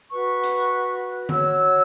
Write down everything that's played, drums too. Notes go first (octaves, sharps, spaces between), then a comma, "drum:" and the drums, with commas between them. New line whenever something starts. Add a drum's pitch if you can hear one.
F#4 B4 C#6
drum: hi-hat
F#4 C#5 E6, drum: tom D3